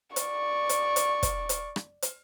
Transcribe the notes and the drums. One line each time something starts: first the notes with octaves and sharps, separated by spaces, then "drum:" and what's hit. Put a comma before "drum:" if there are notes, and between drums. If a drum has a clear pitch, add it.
D5 C#6, drum: hi-hat
drum: hi-hat
drum: hi-hat
drum: kick, hi-hat
drum: hi-hat
drum: rim click
drum: hi-hat